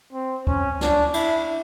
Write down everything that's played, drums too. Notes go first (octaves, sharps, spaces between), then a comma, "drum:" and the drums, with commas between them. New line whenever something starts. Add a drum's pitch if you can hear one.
C4
C#4, drum: kick C#2
D4, drum: snare
E4, drum: cymbal